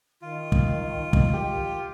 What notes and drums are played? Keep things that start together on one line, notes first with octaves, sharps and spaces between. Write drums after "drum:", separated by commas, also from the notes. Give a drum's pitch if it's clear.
D#3 F4
drum: kick
drum: kick
G4